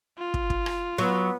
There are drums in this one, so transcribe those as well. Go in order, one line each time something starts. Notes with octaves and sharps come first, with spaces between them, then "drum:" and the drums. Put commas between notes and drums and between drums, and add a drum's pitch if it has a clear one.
F4
drum: kick
drum: kick
drum: rim click
F#3 B3